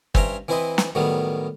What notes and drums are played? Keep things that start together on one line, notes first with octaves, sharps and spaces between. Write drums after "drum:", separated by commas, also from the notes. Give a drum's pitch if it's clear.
G2 C#4 C5 E5 G5 A#5, drum: kick
E3 C4 E4 B4 C5 D#5
drum: snare
A2 D#3 F#3 G3 B3